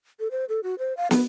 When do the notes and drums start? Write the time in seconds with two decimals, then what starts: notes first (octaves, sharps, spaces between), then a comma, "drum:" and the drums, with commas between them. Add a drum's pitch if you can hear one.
0.20 A4
0.31 C5
0.49 A4
0.63 F#4
0.79 C5
0.97 F5
1.11 B3, drum: snare